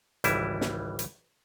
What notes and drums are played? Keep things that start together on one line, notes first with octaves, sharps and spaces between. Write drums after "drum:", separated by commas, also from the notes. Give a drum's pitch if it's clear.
G#1 C#2 E3 G3 E4, drum: hi-hat
drum: snare
drum: hi-hat